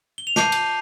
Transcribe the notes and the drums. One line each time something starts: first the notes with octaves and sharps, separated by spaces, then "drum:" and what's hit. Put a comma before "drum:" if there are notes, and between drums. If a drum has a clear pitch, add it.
G7
F7
A5 D6 G6 C7 D#7, drum: snare
drum: cymbal